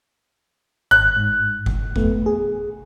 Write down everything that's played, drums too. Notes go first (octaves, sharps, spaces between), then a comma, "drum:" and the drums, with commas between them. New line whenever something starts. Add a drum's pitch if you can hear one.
G#1 F#6
G#2
drum: kick F#1
F2 A3 B3, drum: kick F#1
G#4